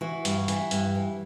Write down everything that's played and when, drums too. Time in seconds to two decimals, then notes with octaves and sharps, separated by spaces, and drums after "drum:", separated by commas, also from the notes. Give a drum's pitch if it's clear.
0.01 E3 F#4
0.25 G2, drum: hi-hat
0.48 E3, drum: hi-hat
0.71 G2, drum: hi-hat
0.95 E3